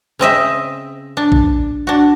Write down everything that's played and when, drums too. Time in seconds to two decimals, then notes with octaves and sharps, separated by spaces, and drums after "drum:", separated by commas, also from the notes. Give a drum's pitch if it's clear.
0.19 C#3 C4 D#5 E5
1.17 D4
1.32 drum: kick A#1
1.87 D4 F#4